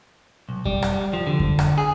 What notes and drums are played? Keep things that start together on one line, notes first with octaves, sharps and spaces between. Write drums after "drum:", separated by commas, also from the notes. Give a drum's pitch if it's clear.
B1
G3, drum: kick F2
drum: rim click
F3
D3
drum: kick F2
drum: rim click
G#4